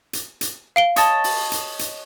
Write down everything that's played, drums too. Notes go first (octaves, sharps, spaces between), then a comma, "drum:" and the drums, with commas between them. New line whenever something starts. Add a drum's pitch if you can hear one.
drum: hi-hat
drum: hi-hat
F5 D7 G7
C#5 D#5 A5, drum: hi-hat
drum: open hi-hat
drum: hi-hat
drum: hi-hat